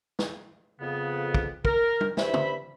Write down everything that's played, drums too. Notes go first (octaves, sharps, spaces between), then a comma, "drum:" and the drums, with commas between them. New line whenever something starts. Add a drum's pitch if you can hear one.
drum: snare
F2 C#3 B3
drum: kick
A#4, drum: kick
drum: tom
G2 E4 C5 E5 B5, drum: snare
drum: tom